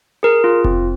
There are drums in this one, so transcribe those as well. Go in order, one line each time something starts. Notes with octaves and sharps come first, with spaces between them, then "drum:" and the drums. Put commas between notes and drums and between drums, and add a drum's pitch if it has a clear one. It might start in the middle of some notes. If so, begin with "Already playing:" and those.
G#4 A#4
F4
C4, drum: kick F1